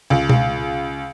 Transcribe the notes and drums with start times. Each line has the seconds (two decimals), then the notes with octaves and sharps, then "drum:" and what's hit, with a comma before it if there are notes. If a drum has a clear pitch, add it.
0.10 C#2
0.29 drum: tom B2